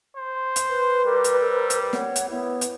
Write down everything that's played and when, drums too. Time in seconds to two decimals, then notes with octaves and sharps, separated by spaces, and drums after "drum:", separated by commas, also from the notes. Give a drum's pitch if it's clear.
0.16 C5
0.56 drum: hi-hat
0.69 B4
1.06 G3 A#4 D6
1.24 drum: hi-hat
1.40 A#4 C5 E6
1.70 drum: hi-hat
1.93 C#5 F#5, drum: snare
2.16 drum: hi-hat
2.30 B3 E4 C#5
2.61 drum: hi-hat